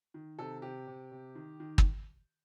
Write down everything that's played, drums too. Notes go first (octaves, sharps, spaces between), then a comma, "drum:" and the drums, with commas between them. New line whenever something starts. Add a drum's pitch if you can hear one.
D#3
C3 A4
C3 G4
C3
C3
D#3
D#3
drum: kick